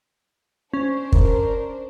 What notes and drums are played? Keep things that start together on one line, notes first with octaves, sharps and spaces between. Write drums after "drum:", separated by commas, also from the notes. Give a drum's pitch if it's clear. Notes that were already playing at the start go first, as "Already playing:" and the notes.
C#4 D4 C5
A#4, drum: kick